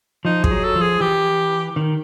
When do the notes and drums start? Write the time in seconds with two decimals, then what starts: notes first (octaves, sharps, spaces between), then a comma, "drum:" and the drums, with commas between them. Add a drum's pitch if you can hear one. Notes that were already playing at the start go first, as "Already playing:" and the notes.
0.25 F3 D#4
0.44 G#4, drum: kick
0.51 F#3
0.64 A4
0.76 F3
0.82 G#4
1.01 E3 G4
1.76 D#3